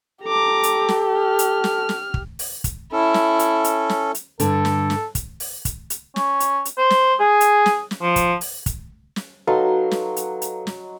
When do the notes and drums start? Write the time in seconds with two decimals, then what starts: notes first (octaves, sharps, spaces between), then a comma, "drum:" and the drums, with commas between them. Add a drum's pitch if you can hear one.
0.25 G4 A4 A#5 D6
0.63 drum: hi-hat
0.89 drum: snare
1.19 F6
1.39 drum: hi-hat
1.64 drum: snare
1.89 drum: snare
2.14 drum: kick
2.39 drum: open hi-hat
2.64 drum: kick, hi-hat
2.92 C#4 E4 A4
3.14 drum: snare
3.39 drum: hi-hat
3.64 drum: hi-hat
3.89 drum: snare
4.15 drum: hi-hat
4.40 G2 D3 A4, drum: hi-hat
4.65 drum: snare
4.90 drum: snare
5.15 drum: kick, hi-hat
5.40 drum: open hi-hat
5.65 drum: kick, hi-hat
5.90 drum: hi-hat
6.16 C#4, drum: snare
6.40 drum: hi-hat
6.65 drum: hi-hat
6.78 C5
6.90 drum: snare
7.20 G#4
7.41 drum: hi-hat
7.66 drum: snare
7.91 drum: snare
8.02 F3
8.16 drum: kick, hi-hat
8.41 drum: open hi-hat
8.66 drum: kick, hi-hat
9.16 drum: snare
9.47 F#3 D#4 A4 B4 F5 C6
9.91 drum: snare
10.16 drum: hi-hat
10.42 drum: hi-hat
10.67 drum: snare